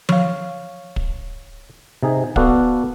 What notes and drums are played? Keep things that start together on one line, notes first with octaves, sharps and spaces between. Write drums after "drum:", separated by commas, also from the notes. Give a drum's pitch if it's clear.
C#5 F5, drum: tom F3
drum: kick
C3 D#4 G#4
B3 F#4 A4 D5 F5 F#5, drum: kick